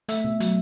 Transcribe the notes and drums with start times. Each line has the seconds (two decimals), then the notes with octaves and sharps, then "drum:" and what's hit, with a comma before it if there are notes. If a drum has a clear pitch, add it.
0.09 A3 E5, drum: hi-hat
0.24 B2
0.40 F#3, drum: hi-hat